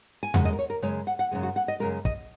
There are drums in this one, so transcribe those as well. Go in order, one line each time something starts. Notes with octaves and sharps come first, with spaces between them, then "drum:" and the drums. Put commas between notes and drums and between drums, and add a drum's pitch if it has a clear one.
G#5
F#2 C#3 G#3 F#5, drum: tom E2
D#5
A#4
C#5
A#4
F#2 C#3 G#3 C#5
F#5
F#5
F#2 C#3 G#3
F#4
F#5
D#5
F#2 C#3 G#3 A#4
D#5, drum: kick